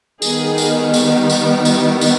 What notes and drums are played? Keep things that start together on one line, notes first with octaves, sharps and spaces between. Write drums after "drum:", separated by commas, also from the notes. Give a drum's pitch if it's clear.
D#3 G3 B3 G#4, drum: tambourine
drum: tambourine
drum: tambourine
drum: tambourine
E4, drum: tambourine
drum: tambourine